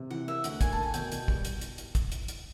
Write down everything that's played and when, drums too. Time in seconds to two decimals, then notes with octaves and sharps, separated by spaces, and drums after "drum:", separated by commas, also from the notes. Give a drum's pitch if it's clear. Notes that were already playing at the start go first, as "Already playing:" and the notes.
Already playing: C3
0.10 E3 F#5
0.27 A#3 E5
0.44 D2 F#5, drum: hi-hat
0.61 A#3 G#5, drum: kick, hi-hat
0.72 A#3 A5
0.83 G#5
0.94 B2 G5, drum: hi-hat
1.12 B2, drum: hi-hat
1.28 G3, drum: kick
1.45 drum: hi-hat
1.61 drum: hi-hat
1.78 drum: hi-hat
1.95 drum: kick, hi-hat
2.12 drum: hi-hat
2.28 drum: hi-hat